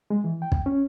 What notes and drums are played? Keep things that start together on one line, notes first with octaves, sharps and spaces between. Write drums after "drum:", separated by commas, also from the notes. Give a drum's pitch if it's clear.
G#3
E3
G5
drum: kick
C#4